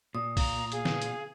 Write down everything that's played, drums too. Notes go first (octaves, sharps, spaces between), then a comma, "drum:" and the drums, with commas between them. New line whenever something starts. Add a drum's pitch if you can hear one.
A#2 D#6
F5 A#5, drum: kick, open hi-hat
G#4 F5, drum: hi-hat
drum: snare
drum: hi-hat